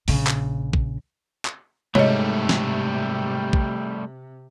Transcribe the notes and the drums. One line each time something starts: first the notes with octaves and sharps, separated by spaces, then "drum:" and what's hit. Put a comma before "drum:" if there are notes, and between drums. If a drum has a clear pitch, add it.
A#1 C#3, drum: open hi-hat
drum: clap
drum: kick
drum: clap
G#2 C3 G3 A3 C#5 D#5, drum: tom C3
drum: snare
drum: kick